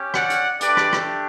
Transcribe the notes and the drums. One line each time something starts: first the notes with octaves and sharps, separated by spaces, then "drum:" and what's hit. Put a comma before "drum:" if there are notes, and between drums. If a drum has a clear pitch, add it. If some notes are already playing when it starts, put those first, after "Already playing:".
Already playing: C#4 G4
D5 F#5, drum: rim click
drum: hi-hat
A3 D4 G4 B4 D5, drum: hi-hat
drum: rim click
drum: rim click